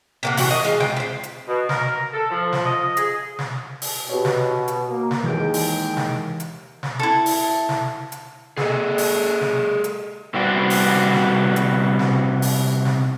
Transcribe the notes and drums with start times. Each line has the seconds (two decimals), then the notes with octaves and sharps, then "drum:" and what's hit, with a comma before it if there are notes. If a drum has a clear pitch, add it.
0.23 C3 A#3 F#5
0.37 E3 F#4 G5, drum: open hi-hat
0.50 D#5
0.65 G#3 F4
0.80 G5, drum: snare
0.97 B4 C5
1.23 drum: hi-hat
1.48 B2
1.69 A#4, drum: snare
2.13 A4
2.30 F3
2.53 drum: snare
2.65 D#5
2.97 G#4, drum: hi-hat
3.39 drum: snare
3.82 drum: open hi-hat
4.09 B2 G4 C#5
4.25 drum: snare
4.51 F#4
4.68 drum: hi-hat
4.88 A#3
5.11 drum: snare
5.24 D#2 D#3 E3 G#3 G6 D7
5.54 drum: open hi-hat
5.97 drum: snare
6.40 drum: hi-hat
6.83 drum: snare
6.99 E4 A4
7.26 drum: open hi-hat
7.69 drum: snare
8.12 drum: hi-hat
8.57 G#4 A4 D#5, drum: snare
8.98 drum: open hi-hat
9.41 drum: snare
9.84 drum: hi-hat
10.34 C3 G3 B3 F#4 C5 D5
10.70 drum: open hi-hat
11.13 drum: snare
11.56 drum: hi-hat
11.99 drum: snare
12.42 drum: open hi-hat
12.85 drum: snare